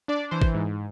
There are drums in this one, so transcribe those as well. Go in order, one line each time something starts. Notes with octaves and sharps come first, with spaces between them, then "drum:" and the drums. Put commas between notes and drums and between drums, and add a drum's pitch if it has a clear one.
D4 D5
E3 C5
drum: kick
G#2